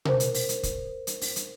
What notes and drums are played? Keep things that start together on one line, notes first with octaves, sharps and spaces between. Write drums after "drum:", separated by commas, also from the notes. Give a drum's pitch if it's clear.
A#4 C5, drum: tom B2
drum: hi-hat
drum: open hi-hat
drum: hi-hat
drum: kick, hi-hat
drum: hi-hat
drum: open hi-hat
drum: hi-hat